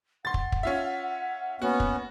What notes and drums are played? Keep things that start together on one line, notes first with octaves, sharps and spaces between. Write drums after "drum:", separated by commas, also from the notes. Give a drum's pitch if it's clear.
F#5 C6 A6
drum: kick
drum: kick
C#4 F4 E5
A#3 B3 C#4 F#4
drum: kick